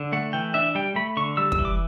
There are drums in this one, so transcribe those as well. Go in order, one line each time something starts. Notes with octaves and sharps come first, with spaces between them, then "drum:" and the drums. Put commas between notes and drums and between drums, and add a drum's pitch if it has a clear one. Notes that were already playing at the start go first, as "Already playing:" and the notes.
Already playing: D3
A3 F#5
E3 G5
D4 E5
G3 G5
A3 B5
D3 C#6
G3 E6
E6, drum: kick
E3
D6